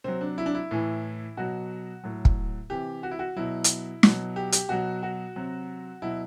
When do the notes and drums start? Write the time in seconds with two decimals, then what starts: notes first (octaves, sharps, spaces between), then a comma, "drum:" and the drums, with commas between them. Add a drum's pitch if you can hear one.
0.04 C3 F#3 C4
0.21 D4
0.38 E4
0.46 D4
0.55 E4
0.71 A2 E3
1.37 B2 F#3 F#4
2.04 A2 F#3
2.25 drum: kick
2.70 C3 E3 G4
3.03 F#4
3.11 E4
3.19 F#4
3.36 B2 F#3 E4
3.64 drum: hi-hat
4.03 B2 F#3, drum: snare
4.36 G4
4.52 G4, drum: hi-hat
4.69 B2 F#3 F#4
5.03 F#4
5.36 C3 F#3
6.02 B2 F#3 E4